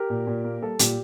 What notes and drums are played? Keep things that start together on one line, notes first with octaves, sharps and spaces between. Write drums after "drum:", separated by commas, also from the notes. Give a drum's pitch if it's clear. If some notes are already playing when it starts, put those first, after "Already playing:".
Already playing: G4 A#4
A#2
A#2
A#3
G3 A4
A#2 G4, drum: hi-hat